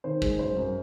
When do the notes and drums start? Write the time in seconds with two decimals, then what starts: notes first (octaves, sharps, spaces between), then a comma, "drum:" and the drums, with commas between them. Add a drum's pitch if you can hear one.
0.04 D#3 C5
0.22 G#3, drum: kick
0.39 F#2 C5
0.57 F#2